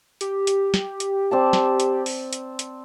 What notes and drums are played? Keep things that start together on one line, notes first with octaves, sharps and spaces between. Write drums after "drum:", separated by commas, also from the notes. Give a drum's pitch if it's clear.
G4, drum: hi-hat
drum: hi-hat
drum: snare
drum: hi-hat
C4 D5 A5
drum: snare
drum: hi-hat
drum: open hi-hat
drum: hi-hat
drum: hi-hat